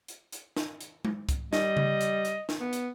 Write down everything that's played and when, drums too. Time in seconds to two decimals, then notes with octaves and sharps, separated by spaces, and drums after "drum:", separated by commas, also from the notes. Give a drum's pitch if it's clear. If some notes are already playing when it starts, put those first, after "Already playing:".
0.08 drum: hi-hat
0.32 drum: hi-hat
0.57 drum: snare
0.81 drum: hi-hat
1.05 drum: tom G#3
1.29 drum: kick C2, hi-hat
1.53 G3 D#5, drum: snare
1.77 drum: tom C#3
2.01 drum: hi-hat
2.25 drum: hi-hat
2.49 drum: snare
2.60 B3
2.73 drum: hi-hat